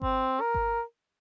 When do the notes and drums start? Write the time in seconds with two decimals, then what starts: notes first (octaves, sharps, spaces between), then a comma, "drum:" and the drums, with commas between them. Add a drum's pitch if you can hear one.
0.02 C4, drum: kick G#1
0.41 A#4
0.54 drum: kick G#1